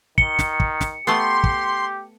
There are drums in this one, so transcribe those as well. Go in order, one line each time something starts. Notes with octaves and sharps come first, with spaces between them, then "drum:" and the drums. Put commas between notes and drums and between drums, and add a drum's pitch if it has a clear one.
D#3 C#7, drum: kick
drum: snare
drum: kick
drum: snare
A3 B3 G4 C6
drum: kick